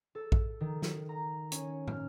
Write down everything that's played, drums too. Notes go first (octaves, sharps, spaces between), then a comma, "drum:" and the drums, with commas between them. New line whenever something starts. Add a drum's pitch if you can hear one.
A4
drum: kick A#1
D#3
drum: snare
A#5
C#4, drum: hi-hat
F6, drum: tom